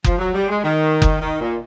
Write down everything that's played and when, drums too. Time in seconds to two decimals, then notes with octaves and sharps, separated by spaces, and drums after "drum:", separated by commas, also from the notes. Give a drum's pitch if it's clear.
0.04 F3, drum: kick F#1
0.18 F#3
0.34 G3
0.48 G#3
0.63 D#3
1.02 drum: kick F#1
1.21 D#3
1.41 A#2